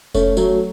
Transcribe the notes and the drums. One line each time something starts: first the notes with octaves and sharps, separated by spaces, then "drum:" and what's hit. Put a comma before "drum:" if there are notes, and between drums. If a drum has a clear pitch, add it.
A3 C#4, drum: kick F1, tambourine
F#3 A3, drum: tambourine